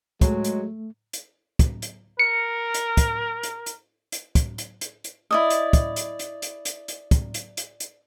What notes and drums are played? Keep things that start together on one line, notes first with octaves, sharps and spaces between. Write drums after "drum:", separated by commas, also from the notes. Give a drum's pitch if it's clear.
F#3 G#3 A3, drum: kick, hi-hat
drum: hi-hat
drum: hi-hat
drum: kick, hi-hat
drum: hi-hat
A#4 C#7
drum: hi-hat
drum: kick, hi-hat
drum: hi-hat
drum: hi-hat
drum: hi-hat
drum: kick, hi-hat
drum: hi-hat
drum: hi-hat
drum: hi-hat
E4 D5 D#5
drum: hi-hat
drum: kick, hi-hat
drum: hi-hat
drum: hi-hat
drum: hi-hat
drum: hi-hat
drum: hi-hat
drum: kick, hi-hat
drum: hi-hat
drum: hi-hat
drum: hi-hat